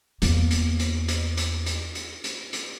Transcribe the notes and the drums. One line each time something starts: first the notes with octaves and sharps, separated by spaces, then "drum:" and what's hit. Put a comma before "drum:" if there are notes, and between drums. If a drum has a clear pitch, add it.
E2 A#3, drum: hi-hat
drum: hi-hat
drum: hi-hat
drum: hi-hat
drum: hi-hat
drum: hi-hat
drum: hi-hat
drum: hi-hat
drum: hi-hat